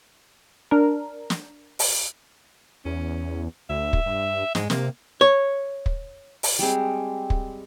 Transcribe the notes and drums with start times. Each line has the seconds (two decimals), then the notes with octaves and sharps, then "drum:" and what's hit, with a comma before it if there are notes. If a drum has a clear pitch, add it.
0.71 D4 A#4
1.30 drum: snare
1.79 drum: open hi-hat
2.85 E2 C#4
3.69 D2 E5
3.93 drum: kick
4.06 G2
4.55 G#2 G#3, drum: snare
4.70 C3 A#3, drum: snare
5.21 C#5
5.86 drum: kick
6.43 drum: open hi-hat
6.59 G3 G#3 C4 G#4
7.30 drum: kick